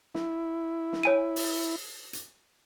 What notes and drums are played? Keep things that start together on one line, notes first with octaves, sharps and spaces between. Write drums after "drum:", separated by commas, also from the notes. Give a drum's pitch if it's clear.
E4, drum: snare
drum: snare
C#5 G#5 D#7
drum: open hi-hat
drum: hi-hat